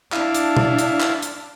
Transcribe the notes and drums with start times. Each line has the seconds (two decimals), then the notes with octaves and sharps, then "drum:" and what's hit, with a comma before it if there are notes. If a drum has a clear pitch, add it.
0.13 D4 E4 F5, drum: clap
0.35 drum: hi-hat
0.57 drum: tom B2
0.79 drum: hi-hat
1.01 drum: clap
1.23 drum: hi-hat